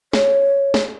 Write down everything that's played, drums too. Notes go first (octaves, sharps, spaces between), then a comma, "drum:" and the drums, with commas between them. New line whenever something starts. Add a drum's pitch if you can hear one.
C#5, drum: snare
drum: snare